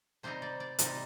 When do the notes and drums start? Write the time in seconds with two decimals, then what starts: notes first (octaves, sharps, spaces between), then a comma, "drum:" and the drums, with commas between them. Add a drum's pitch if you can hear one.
0.23 C3 G3 C4 D#4 C5
0.42 D5
0.60 D5
0.79 C3 G3 C4 D#4 D5, drum: hi-hat